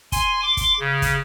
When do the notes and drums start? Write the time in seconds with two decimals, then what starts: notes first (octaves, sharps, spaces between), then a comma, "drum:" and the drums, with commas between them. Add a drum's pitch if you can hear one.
0.12 G#5 C6, drum: kick, hi-hat
0.42 C6 D6
0.57 drum: kick, hi-hat
0.80 C#3
1.02 drum: kick, hi-hat